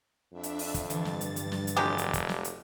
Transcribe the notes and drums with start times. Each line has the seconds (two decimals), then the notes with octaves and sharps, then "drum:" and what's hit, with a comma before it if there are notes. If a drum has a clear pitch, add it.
0.33 F2 D4 E5
0.43 drum: hi-hat
0.59 drum: open hi-hat
0.74 drum: kick, hi-hat
0.90 G2 D3 E3 F3 A6, drum: hi-hat
1.05 drum: snare
1.21 drum: hi-hat
1.36 drum: hi-hat
1.52 drum: snare
1.67 drum: hi-hat
1.76 F1 F#3 G#3 G4
1.98 drum: hi-hat
2.14 drum: kick, hi-hat
2.29 drum: snare
2.44 drum: hi-hat